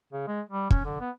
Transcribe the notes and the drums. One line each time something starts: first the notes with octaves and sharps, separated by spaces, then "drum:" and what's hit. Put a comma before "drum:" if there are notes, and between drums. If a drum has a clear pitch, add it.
C#3
G#3
G3
C#4, drum: kick
D3
B3